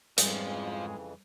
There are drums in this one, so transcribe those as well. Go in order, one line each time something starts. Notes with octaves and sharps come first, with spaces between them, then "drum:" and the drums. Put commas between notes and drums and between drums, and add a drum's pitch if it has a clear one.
F2 G#2 C#3 E3 F3 G3 G#3, drum: hi-hat